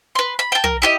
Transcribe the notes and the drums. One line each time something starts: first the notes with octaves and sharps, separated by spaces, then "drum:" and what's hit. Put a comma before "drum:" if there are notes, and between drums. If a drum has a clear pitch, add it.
B4 C6
B5
G5 A5
A#4, drum: tom
E4 G4 D#5